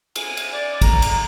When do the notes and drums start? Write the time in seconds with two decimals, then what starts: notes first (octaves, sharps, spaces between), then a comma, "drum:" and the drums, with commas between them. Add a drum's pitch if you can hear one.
0.16 G#5, drum: cymbal
0.37 drum: cymbal
0.51 D5
0.81 A#5, drum: kick, cymbal
1.02 drum: cymbal